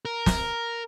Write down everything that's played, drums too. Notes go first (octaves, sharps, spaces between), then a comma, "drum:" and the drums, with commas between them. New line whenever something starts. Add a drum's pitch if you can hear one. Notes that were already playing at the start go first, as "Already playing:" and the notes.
A#4
drum: snare